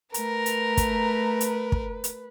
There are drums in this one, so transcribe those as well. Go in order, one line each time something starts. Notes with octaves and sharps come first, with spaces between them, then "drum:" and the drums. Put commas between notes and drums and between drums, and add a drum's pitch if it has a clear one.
A3 A#4 B4 A#5, drum: hi-hat
drum: hi-hat
drum: kick, hi-hat
drum: hi-hat
drum: kick
drum: hi-hat